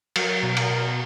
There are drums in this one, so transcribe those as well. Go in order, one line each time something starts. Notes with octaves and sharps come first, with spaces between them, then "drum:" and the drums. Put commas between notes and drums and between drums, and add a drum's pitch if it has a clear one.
F#3 A#4, drum: cymbal
B2
drum: cymbal
B2